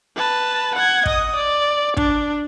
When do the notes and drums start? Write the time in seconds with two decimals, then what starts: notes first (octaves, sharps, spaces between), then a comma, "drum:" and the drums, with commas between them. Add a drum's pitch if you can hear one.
0.16 B4 A5
0.75 F#5 G#6
1.06 D#5 D#6, drum: kick
1.36 D5
1.97 D4, drum: kick